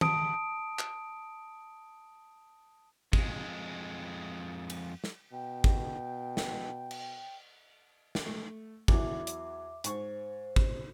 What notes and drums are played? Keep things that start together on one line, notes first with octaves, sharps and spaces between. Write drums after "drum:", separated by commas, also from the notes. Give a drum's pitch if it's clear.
A5 D#6 D7, drum: tom D#3
drum: clap
F2 G#3, drum: kick G#1
drum: cymbal
drum: snare
B2 G5
drum: kick G#1
drum: snare
drum: cymbal
drum: snare
A3
E2 E3 F#3 E5 D6, drum: kick G#1
drum: hi-hat
G#2 C5 C#6, drum: hi-hat
drum: kick G#1